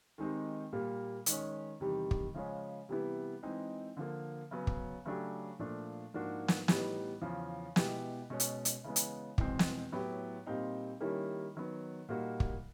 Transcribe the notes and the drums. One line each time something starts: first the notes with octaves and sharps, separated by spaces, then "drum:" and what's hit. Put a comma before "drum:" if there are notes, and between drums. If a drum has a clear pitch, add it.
D#3 G#3 C4 D#4 G4
A#2 G3 A#3
D#3 G#3 C#4, drum: hi-hat
E2 C3 D#3 G3
drum: kick
C#3 F3 G#3 C#4
C3 E3 G3 B3 E4
E3 G#3 C4 D#4
D3 F3 A#3
C#3 F#3 B3
drum: kick
C#3 F#3 A3 D4 G4
A#2 F3 A3 D4
G#2 F3 A#3 D4 F#4
drum: snare
A2 E3 G3 B3 D#4, drum: snare
E2 C#3 F3
B2 G#3 B3 E4 G4, drum: snare
B2 G#3 C#4
drum: hi-hat
drum: hi-hat
C#3 E3 G#3 B3
drum: hi-hat
E2 B2 G#3 C4, drum: kick
drum: snare
A2 F#3 B3 E4 G4
A#2 G3 C4 D#4
D#3 G3 A#3 C#4 E4
D#3 F#3 B3
A#2 G3 A#3 D#4 F#4
drum: kick